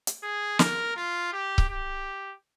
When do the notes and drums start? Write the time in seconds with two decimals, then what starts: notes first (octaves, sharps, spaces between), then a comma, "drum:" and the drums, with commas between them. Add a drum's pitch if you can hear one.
0.07 drum: hi-hat
0.23 G#4
0.59 A#4, drum: snare
0.96 F4
1.33 G4
1.58 drum: kick C#1
1.69 G4